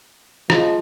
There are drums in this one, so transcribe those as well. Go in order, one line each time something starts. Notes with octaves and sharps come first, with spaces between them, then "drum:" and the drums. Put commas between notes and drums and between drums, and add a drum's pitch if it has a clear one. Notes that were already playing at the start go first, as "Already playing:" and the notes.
F3 G#3, drum: rim click